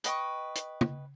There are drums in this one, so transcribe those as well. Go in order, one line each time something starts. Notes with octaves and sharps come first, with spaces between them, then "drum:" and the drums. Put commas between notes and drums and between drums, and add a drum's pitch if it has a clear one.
B4 D#5 G5 C#6, drum: hi-hat
drum: hi-hat
drum: tom